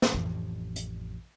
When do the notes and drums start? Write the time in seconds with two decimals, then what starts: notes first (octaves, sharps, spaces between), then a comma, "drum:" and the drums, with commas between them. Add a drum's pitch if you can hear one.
0.02 drum: snare
0.14 A1 F2
0.76 drum: hi-hat